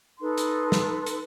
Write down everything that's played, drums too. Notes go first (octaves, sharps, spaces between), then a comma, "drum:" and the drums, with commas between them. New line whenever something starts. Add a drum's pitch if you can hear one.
D#4 A4 B4 C6
drum: hi-hat
drum: snare
drum: hi-hat